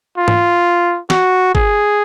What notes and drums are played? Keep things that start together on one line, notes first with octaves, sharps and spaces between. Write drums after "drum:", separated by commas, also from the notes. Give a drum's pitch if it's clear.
F4
drum: tom G#2
F#4, drum: snare
G#4, drum: kick